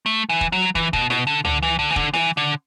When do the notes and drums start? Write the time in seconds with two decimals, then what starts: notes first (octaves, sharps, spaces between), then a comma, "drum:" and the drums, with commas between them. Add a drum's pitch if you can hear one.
0.06 A3
0.29 E3
0.41 drum: kick
0.52 F#3
0.75 E3, drum: kick
0.93 B2, drum: kick
1.10 B2, drum: snare
1.27 D3
1.45 D3, drum: tom C#2
1.63 E3
1.79 D3
1.90 E3
1.96 D3, drum: kick
2.14 E3, drum: snare
2.37 D3